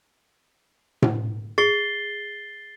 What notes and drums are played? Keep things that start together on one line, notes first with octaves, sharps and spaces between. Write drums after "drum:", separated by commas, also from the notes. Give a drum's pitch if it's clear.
drum: tom A2
G#4 A6 C7 G7